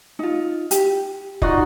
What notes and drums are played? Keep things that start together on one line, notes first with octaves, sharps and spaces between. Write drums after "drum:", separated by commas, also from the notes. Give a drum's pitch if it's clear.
D#4 F4
G4, drum: hi-hat
D#4 F4 F#4 D5 D#5, drum: kick